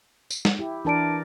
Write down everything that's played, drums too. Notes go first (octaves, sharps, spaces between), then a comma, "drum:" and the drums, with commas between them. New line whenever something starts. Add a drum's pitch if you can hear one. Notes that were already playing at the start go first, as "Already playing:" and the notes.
drum: tambourine
drum: snare
E4 G4
E3 D4 A#4 D5 A5 D7